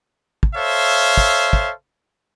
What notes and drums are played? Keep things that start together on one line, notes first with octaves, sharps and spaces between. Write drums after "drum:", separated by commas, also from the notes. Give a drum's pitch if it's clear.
drum: kick
A4 C5 C#5 E5 F5
drum: kick
drum: kick